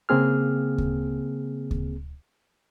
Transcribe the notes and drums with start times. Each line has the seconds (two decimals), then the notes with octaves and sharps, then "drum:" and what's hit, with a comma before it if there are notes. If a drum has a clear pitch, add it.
0.09 C#3 A#3 C4 G#4 F6
0.78 drum: kick D2
1.71 drum: kick D2